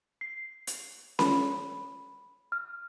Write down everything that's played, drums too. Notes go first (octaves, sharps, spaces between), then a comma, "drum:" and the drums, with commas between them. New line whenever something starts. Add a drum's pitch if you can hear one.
C7
drum: hi-hat
B5, drum: snare C#4
F6